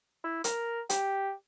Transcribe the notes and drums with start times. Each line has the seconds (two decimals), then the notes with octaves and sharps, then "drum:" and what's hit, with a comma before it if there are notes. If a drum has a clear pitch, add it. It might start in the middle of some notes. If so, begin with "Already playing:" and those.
0.24 E4
0.44 A#4, drum: hi-hat
0.90 G4, drum: hi-hat